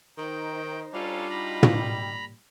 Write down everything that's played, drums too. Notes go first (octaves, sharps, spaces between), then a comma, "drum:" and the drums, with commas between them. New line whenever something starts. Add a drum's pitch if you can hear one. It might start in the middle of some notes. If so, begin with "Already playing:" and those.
D#3 D#4 C5 G5 A#5
G3 C#4 D4 F4 A4 F5
D#4 F#4 G5 A#5 B5
drum: tom